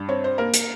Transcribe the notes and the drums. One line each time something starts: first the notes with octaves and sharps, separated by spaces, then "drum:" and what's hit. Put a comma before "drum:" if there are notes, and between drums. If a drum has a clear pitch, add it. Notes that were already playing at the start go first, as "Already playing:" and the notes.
Already playing: G2
C4 C#5
C5
A#3 A#4
drum: hi-hat